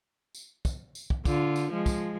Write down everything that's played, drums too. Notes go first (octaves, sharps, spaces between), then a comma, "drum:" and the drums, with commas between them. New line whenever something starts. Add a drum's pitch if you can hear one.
drum: tambourine
drum: kick, tambourine
drum: tambourine
drum: kick
D3 F4, drum: kick, tambourine
drum: tambourine
F3 G#3
drum: kick, tambourine